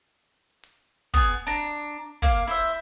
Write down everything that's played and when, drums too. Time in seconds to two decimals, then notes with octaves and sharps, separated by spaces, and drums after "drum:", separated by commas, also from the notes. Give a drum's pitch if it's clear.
0.64 drum: hi-hat
1.14 B3 G#4, drum: kick
1.47 D4 A#5
2.22 A#3 F5, drum: kick
2.47 E4 C5 E5